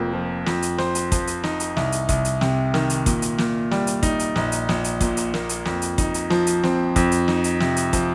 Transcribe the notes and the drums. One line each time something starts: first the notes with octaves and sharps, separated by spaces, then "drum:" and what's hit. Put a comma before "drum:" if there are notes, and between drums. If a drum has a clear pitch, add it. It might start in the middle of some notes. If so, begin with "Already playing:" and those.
Already playing: F1 F2 A#3
F3
F2, drum: snare
drum: hi-hat
C5, drum: snare
drum: hi-hat
F3, drum: kick, hi-hat
drum: hi-hat
D#4, drum: snare
drum: hi-hat
C2, drum: snare
drum: hi-hat
C2, drum: kick, hi-hat
drum: hi-hat
C3, drum: snare
D#3, drum: snare
drum: hi-hat
A#2, drum: kick, hi-hat
drum: hi-hat
A#2, drum: snare
G3, drum: snare
drum: hi-hat
D#4, drum: kick, hi-hat
drum: hi-hat
A#1, drum: snare
drum: hi-hat
A#1, drum: snare
drum: hi-hat
A#2, drum: kick, hi-hat
drum: hi-hat
A#3, drum: snare
drum: hi-hat
F2, drum: snare
drum: hi-hat
D#4, drum: kick, hi-hat
drum: hi-hat
F3, drum: snare
drum: hi-hat
C4, drum: snare
F2, drum: kick, hi-hat
drum: hi-hat
D#4, drum: snare
drum: hi-hat
C3, drum: snare
drum: hi-hat
F3, drum: kick, hi-hat